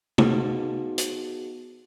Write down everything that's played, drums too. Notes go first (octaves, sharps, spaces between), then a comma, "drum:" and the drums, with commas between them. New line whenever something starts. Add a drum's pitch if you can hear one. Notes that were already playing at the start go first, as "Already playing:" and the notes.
B3 D#4 F#4 G#4 A5, drum: tom C3
drum: hi-hat